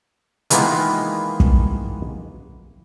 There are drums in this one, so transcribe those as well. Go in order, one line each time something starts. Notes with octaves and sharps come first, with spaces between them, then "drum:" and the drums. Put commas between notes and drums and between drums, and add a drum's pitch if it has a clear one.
D#3 E3 G#3 A#3 B3 F4, drum: hi-hat
drum: kick